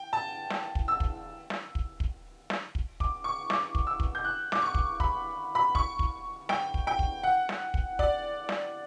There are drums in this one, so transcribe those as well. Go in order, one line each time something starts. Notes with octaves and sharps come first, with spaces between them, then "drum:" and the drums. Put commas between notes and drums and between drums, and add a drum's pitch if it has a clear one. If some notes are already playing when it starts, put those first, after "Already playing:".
Already playing: G5
A5
drum: snare
drum: kick
E6
drum: kick
drum: snare
drum: kick
drum: kick
drum: snare
drum: kick
D6, drum: kick
C#6
D6, drum: snare
drum: kick
E6
drum: kick
G6
F#6
D6, drum: snare
C#6
drum: kick
B5, drum: kick
B5
C#6, drum: kick
drum: kick
G5, drum: snare
drum: kick
G5
drum: kick
F#5
drum: snare
drum: kick
D5, drum: kick
drum: snare